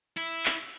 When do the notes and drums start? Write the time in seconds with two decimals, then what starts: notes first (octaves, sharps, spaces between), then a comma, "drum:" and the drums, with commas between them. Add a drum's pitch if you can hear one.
0.18 E4
0.46 drum: clap